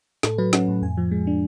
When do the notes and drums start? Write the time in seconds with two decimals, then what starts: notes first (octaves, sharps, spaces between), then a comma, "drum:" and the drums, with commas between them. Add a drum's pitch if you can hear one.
0.23 A2 A4, drum: snare
0.38 F#3 B4
0.53 C#4 F#5, drum: snare
0.68 A2
0.82 F2 G#5
0.97 F3
1.11 G#3
1.27 D4